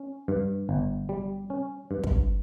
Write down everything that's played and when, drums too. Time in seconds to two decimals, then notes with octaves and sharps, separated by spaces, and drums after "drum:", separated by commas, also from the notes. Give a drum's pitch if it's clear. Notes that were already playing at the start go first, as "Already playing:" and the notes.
Already playing: C#4
0.28 G2
0.69 G1
1.09 G3
1.50 C#4
1.91 G2
2.04 drum: kick